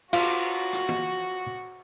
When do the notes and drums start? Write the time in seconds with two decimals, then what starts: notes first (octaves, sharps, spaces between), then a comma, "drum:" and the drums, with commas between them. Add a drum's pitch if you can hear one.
0.13 F4 F#4, drum: cymbal
0.73 drum: rim click
0.89 drum: tom E3